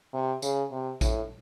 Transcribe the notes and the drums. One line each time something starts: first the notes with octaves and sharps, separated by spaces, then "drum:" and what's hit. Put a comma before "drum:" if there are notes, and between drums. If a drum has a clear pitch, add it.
C3
C#3, drum: tambourine
C3
A2, drum: kick A1, tambourine